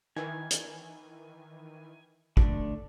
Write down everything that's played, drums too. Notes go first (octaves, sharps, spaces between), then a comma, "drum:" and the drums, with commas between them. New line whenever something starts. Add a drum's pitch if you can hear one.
D#3 E3 G#5
drum: hi-hat
D3 A3 D4, drum: kick